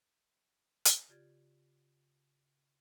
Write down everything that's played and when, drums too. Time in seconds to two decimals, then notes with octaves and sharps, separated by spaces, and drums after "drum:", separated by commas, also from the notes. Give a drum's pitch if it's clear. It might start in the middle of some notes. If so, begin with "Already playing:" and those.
0.85 drum: hi-hat
1.08 C#3 F4 G4 D5 G#6 A6